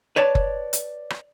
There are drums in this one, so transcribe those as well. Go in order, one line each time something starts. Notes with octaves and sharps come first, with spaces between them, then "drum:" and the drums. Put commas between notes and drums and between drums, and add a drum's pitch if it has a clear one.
B4 C#5 D5 A5
drum: kick F#1
drum: hi-hat
drum: rim click